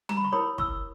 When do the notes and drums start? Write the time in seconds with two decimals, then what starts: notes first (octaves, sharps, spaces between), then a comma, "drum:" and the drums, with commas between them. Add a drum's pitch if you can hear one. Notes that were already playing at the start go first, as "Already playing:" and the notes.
0.09 A#5, drum: tom G3
0.17 B5
0.25 C#6
0.32 E4 G4 A#4 C#5 B5 D#6
0.58 C#6 E6, drum: kick